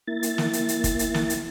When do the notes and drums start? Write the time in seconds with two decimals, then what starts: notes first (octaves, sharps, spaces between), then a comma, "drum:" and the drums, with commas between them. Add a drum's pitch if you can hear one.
0.07 A#3 E4 A6
0.23 drum: hi-hat
0.38 drum: snare
0.53 drum: hi-hat
0.69 drum: hi-hat
0.84 drum: kick, hi-hat
0.99 drum: hi-hat
1.14 drum: snare
1.30 drum: hi-hat